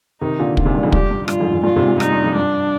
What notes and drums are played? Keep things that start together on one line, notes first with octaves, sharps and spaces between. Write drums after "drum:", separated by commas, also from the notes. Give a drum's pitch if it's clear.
C3 D#3 D#4
A#2 D3
F4, drum: kick
G#2 C3
G2 A#2
F2 G#2
G2 G4, drum: kick
G2
G2 F4, drum: rim click
F2 G#2
F2 G#2
G2 A#2 F4
G#2 C3
G2 A#2
G2 D#4, drum: rim click
G2
F2
G2 D4